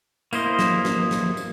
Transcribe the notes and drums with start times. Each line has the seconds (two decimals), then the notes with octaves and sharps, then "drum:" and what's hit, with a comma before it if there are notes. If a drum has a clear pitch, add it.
0.33 A#3 E4 C5 D#5, drum: tambourine
0.59 drum: snare
0.85 drum: snare
1.11 drum: snare
1.37 drum: tambourine